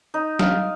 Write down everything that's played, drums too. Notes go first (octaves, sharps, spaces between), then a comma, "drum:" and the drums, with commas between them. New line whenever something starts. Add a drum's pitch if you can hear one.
D#4
F5, drum: snare F#3